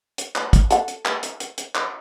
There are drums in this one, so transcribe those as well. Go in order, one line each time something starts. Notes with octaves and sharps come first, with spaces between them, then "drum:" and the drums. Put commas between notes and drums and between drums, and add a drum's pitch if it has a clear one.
drum: hi-hat
drum: clap
drum: kick, hi-hat
A4 F#5, drum: hi-hat
drum: hi-hat
drum: clap
drum: hi-hat
drum: hi-hat
drum: hi-hat
drum: clap